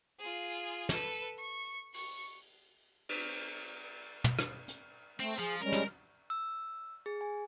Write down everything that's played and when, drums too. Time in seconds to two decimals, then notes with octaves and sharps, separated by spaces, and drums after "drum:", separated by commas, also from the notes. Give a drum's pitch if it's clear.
0.19 F4 G#4
0.89 A4 B4, drum: snare
1.38 C#6
1.94 C#6, drum: open hi-hat
3.09 drum: cymbal
4.24 drum: tom
4.39 drum: rim click
4.68 drum: hi-hat
5.20 A3 C4
5.39 F3 G#4
5.61 G3 G#3 C#4 A#4
5.72 drum: snare
6.30 E6
7.06 G#4
7.21 G#5